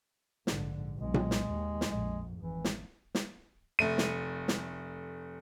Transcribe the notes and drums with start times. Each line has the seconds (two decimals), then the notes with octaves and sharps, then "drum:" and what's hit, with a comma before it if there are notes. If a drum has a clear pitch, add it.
0.47 A#1 G#2 D3, drum: snare
0.98 B1 G#3
1.14 drum: tom A#2
1.31 drum: snare
1.49 D#2
1.81 drum: snare
1.90 A#1 F2 G#3
2.39 G#1 E3
2.64 drum: snare
3.15 drum: snare
3.79 F1 A3 D#7
3.98 drum: snare
4.48 drum: snare